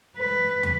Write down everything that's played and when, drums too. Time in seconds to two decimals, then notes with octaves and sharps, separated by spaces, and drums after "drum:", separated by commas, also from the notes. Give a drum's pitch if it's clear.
0.17 B4
0.63 drum: tom